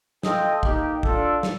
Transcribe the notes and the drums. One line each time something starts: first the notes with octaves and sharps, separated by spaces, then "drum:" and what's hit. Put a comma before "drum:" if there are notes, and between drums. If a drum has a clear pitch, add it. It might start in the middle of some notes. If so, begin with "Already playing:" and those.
F4 A4 D#5 G5, drum: snare
A#3 D#4 G4, drum: kick
D4 F4 A4, drum: kick
drum: snare